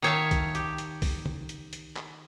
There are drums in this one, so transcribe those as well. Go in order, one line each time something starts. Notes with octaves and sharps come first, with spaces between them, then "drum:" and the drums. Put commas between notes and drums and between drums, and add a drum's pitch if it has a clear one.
D#3 D#4 C#5 E5 F5 A5
drum: kick B1, hi-hat
G4, drum: hi-hat
drum: hi-hat
drum: kick B1, open hi-hat
drum: tom
drum: hi-hat
drum: hi-hat
drum: clap